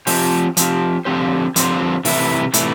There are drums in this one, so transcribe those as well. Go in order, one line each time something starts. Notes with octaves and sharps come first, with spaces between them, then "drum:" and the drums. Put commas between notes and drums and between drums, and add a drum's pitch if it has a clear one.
F3 C4 G4, drum: open hi-hat
F3 C4 G4, drum: hi-hat
D3 F3 C4 G4 C5
D3 F3 C4 G4 C5, drum: hi-hat
C3 E3 A3 E4, drum: open hi-hat
C3 E3 A3 E4, drum: hi-hat